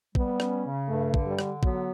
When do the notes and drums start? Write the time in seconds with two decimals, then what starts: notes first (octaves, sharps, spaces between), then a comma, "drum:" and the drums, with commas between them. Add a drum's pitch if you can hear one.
0.15 G3 B3, drum: kick
0.40 C#4, drum: rim click
0.65 C#3
0.88 G2 A3
1.14 D3, drum: kick
1.26 G3
1.39 D3, drum: rim click
1.63 F#3 B3, drum: kick